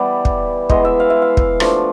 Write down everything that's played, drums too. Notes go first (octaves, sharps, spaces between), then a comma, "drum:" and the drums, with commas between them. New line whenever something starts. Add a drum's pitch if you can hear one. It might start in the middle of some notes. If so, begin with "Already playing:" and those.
Already playing: E3 G3 B3 E4 D5
drum: kick
E3 G#3 B3 D#5, drum: kick
E5
F5
E5
F5
drum: kick
F3 A3 D4, drum: rim click